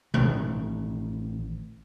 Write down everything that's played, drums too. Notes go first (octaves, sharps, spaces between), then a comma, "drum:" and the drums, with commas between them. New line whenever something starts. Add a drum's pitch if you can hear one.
A1 D#3, drum: tom B2